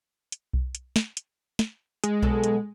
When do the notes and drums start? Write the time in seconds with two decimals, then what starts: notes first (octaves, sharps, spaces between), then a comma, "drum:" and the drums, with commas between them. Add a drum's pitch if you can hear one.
0.32 drum: hi-hat
0.53 drum: kick B1
0.75 drum: hi-hat
0.96 drum: snare
1.17 drum: hi-hat
1.59 drum: snare
2.04 G#3, drum: hi-hat
2.22 B2 F#3 A4, drum: kick B1
2.44 drum: hi-hat